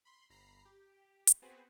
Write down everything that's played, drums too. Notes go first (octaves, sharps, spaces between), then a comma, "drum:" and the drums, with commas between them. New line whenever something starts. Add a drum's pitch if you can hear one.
B5 C6
G1 A#5 B5 C7
G4
drum: hi-hat
B3 C4 F#4 G#4 B4 C5